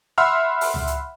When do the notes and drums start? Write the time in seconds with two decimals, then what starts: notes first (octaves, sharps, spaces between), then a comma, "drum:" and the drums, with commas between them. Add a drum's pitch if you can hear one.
0.18 E5 F#5 B5 C6 E6 F6
0.61 drum: open hi-hat
0.74 drum: tom C#2
0.87 drum: hi-hat